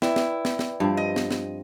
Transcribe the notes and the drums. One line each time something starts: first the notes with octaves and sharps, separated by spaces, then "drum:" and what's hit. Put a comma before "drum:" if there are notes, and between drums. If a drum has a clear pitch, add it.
E4 B4 D5 G5, drum: snare
drum: snare
drum: snare
drum: snare
G2 F3 C4
D#5
drum: snare
drum: snare